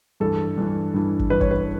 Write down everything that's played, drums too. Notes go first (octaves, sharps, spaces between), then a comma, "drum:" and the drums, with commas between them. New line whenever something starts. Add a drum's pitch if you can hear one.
G2 E3 A4
G2 E3
G2 E3
drum: kick
G2 E3 B4
C#5, drum: kick
B4